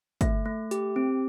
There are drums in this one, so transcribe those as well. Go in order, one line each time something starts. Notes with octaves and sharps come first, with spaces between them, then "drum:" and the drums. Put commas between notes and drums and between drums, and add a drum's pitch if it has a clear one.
A3, drum: kick, hi-hat
A3
G4, drum: hi-hat
C4